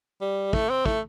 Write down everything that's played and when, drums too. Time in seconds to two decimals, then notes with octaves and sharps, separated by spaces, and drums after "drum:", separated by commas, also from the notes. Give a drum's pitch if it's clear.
0.21 G3
0.53 A3, drum: kick
0.69 C4
0.86 A3, drum: kick